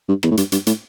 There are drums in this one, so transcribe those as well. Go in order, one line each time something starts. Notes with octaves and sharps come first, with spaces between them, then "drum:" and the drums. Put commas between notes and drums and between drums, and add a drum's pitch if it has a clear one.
G2
E2, drum: rim click
A2
G2, drum: hi-hat
G2, drum: hi-hat
A2, drum: hi-hat